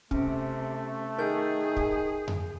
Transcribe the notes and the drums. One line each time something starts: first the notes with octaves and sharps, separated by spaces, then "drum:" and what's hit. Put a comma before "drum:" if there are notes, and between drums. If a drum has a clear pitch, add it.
C3 A3 C#4, drum: kick
D#3 G#4 A#4 G6
drum: kick
drum: tom F2